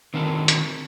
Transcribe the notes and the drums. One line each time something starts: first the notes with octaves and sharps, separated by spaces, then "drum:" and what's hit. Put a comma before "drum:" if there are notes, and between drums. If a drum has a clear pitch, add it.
D3 D#3 C4 A#4
drum: hi-hat